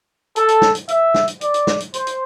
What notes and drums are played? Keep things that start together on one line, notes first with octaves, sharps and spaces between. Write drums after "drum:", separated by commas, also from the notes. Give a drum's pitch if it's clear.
A4, drum: hi-hat
drum: hi-hat
drum: snare
drum: hi-hat
E5, drum: hi-hat
drum: snare
drum: hi-hat
D5, drum: hi-hat
drum: hi-hat
drum: snare
drum: hi-hat
C5, drum: hi-hat
drum: hi-hat